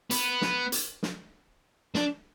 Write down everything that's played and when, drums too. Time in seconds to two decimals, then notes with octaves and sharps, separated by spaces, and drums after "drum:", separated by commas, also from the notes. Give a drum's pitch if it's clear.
0.11 B3, drum: hi-hat
0.42 drum: snare
0.72 drum: hi-hat
1.03 drum: snare
1.95 D4, drum: snare